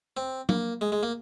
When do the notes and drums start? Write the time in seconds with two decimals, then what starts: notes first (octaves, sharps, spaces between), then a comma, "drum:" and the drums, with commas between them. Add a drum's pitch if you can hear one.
0.17 C4
0.49 A#3, drum: tom F#3
0.81 G#3
0.92 G#3
1.03 A#3